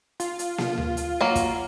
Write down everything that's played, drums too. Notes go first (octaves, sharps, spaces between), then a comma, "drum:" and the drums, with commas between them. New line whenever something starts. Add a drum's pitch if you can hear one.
F4, drum: hi-hat
drum: hi-hat
drum: snare A#3
drum: tom D2
drum: hi-hat
F#3 A#3
drum: kick, hi-hat